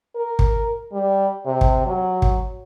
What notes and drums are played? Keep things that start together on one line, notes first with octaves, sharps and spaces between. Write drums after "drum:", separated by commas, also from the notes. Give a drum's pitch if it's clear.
A#4
drum: kick
G3
C3
drum: kick
F#3
drum: kick